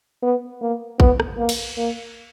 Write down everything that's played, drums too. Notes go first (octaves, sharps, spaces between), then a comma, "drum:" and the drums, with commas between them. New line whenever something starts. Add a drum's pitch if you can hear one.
B3
A#3
B3, drum: kick A1
drum: rim click
A#3
drum: cymbal
A#3